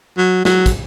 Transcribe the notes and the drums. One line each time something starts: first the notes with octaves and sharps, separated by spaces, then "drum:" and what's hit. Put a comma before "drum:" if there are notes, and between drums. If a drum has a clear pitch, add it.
F#3
F#3, drum: snare
drum: kick, hi-hat